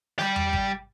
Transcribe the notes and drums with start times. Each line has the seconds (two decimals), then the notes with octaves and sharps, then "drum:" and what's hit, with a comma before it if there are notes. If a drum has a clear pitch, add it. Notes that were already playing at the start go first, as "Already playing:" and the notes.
0.19 G3 G4, drum: snare
0.36 drum: tom E2
0.53 drum: kick G#1